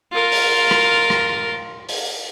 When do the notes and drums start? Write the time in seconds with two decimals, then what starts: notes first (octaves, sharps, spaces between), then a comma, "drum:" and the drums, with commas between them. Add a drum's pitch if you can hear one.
0.12 F4 A#4
0.32 drum: open hi-hat
0.71 drum: rim click
1.10 drum: rim click
1.89 drum: open hi-hat